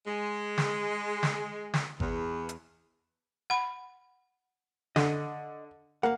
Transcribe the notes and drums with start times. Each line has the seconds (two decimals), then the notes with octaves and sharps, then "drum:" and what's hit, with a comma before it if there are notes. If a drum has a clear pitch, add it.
0.07 G#3
0.58 drum: snare
1.23 drum: snare
1.74 drum: snare
2.00 E2, drum: kick G#1
2.49 drum: hi-hat
3.50 F#5 B5
4.96 D3 D#5, drum: snare
6.03 A#3 F5 F#5